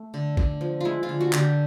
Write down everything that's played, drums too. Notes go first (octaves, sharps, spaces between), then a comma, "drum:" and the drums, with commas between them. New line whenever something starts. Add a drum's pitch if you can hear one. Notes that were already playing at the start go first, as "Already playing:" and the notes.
Already playing: A3
D3
D3, drum: kick
F3
G#3 E4 F4
F4
D3
F#4
D3, drum: clap
G4